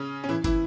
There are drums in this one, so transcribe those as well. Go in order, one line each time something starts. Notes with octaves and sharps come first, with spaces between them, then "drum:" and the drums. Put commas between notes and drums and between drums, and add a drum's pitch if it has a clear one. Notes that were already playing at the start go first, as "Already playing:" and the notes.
Already playing: C#3 C#4
C#4
E3 E4
E3 E4, drum: kick, hi-hat